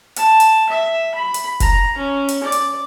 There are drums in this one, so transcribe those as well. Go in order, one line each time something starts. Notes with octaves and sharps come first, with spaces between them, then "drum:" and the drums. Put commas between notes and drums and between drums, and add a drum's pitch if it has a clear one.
A5, drum: hi-hat
drum: hi-hat
E5
B5
drum: hi-hat
A#5, drum: kick F1, hi-hat
C#4
drum: hi-hat
D5
drum: hi-hat